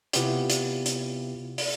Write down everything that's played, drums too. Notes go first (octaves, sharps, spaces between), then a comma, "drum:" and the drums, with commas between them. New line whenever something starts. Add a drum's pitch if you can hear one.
C3 B3 E4 F4 G4, drum: hi-hat
drum: hi-hat
drum: hi-hat
drum: open hi-hat